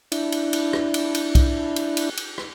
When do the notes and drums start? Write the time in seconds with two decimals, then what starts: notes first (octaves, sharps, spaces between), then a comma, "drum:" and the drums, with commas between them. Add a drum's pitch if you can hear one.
0.12 D4 E4, drum: cymbal
0.32 drum: cymbal
0.53 drum: cymbal
0.73 drum: rim click
0.94 drum: cymbal
1.14 drum: cymbal
1.35 drum: kick B1, cymbal
1.76 drum: cymbal
1.97 drum: cymbal
2.17 drum: cymbal
2.38 drum: rim click